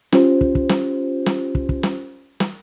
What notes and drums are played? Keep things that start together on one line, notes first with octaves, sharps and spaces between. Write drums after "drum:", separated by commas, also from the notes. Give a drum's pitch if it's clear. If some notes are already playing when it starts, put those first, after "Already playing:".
C#4 F4 G4 C5, drum: snare
drum: kick
drum: kick
drum: snare
drum: snare
drum: kick
drum: kick
drum: snare
drum: snare